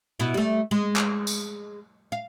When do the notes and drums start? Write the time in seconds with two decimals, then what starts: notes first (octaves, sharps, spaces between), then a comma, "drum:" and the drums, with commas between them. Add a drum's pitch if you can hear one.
0.20 B2 E4
0.34 G3 A3
0.71 G#3
0.96 drum: clap
1.27 drum: tambourine
2.12 F5